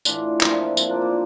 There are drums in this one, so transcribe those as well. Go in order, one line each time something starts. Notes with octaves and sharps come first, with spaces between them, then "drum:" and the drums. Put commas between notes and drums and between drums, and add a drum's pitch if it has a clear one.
A2 E3 D4 F4, drum: tambourine
A#2 F3 C4 E4, drum: clap
A#2 F3 C4 E4, drum: tambourine
A#3 D4
A#3